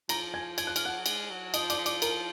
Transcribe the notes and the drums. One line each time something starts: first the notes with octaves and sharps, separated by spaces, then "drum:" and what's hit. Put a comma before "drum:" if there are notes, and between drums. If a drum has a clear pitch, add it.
F3 A#5 A#6, drum: cymbal
G#5 G#6
G#6, drum: cymbal
F#6
F6, drum: cymbal
F#5 F#6
F#3
G#3, drum: cymbal
F#3
F3 D#5 D#6, drum: cymbal
D5 D6, drum: cymbal
F3
D5 D6, drum: cymbal
A#4 A#5, drum: cymbal